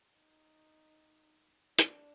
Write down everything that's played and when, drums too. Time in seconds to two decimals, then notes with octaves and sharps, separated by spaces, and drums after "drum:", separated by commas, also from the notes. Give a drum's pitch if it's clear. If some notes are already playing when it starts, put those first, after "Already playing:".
0.17 D#4
1.79 D4, drum: hi-hat